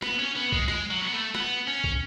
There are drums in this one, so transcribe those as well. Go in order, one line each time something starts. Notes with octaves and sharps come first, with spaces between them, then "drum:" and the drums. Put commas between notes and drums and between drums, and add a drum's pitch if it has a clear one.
B3, drum: rim click
C#4
B3
G#3, drum: kick
G#3, drum: rim click
F#3
B3
A3
B3, drum: rim click
C#4
drum: kick